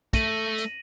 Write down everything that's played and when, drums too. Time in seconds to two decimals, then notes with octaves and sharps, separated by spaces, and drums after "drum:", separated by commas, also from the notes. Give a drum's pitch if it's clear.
0.13 A3 A#6 D#7 F#7, drum: kick, hi-hat
0.58 drum: hi-hat